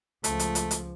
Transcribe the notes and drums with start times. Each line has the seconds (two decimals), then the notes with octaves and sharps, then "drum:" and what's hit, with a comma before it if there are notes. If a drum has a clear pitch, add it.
0.24 C#2 F3 A3, drum: hi-hat
0.39 drum: hi-hat
0.55 drum: hi-hat
0.71 drum: hi-hat